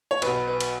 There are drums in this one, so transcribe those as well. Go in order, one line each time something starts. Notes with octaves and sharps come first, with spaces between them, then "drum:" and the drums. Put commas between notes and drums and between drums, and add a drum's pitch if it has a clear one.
C#5
B1 B2 B4, drum: cymbal
B4
drum: cymbal